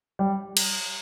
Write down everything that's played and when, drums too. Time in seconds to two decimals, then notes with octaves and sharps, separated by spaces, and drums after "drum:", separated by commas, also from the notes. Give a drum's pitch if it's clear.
0.19 G3
0.57 drum: cymbal